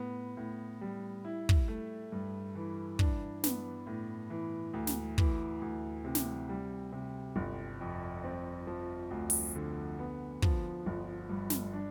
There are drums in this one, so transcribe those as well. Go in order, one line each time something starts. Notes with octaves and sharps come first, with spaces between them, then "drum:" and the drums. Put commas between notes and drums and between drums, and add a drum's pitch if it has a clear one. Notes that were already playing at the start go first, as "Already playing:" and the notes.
Already playing: A2 B3
A2
G3
E4
drum: kick
A3
G2
E3
D4, drum: kick
B3, drum: snare
A2
E3
D2
drum: snare
E3, drum: kick
D2
C3
drum: snare
G3
C3
G1
F2
C4
F3
D2
drum: open hi-hat
D3
B3
F3, drum: kick
G1
G2
drum: snare
D4